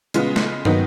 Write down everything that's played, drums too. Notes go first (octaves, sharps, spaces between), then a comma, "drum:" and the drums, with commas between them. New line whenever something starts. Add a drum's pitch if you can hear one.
C#3 G#3 B3 F4, drum: hi-hat
drum: snare
D#3 F#3 B3 D#4, drum: tom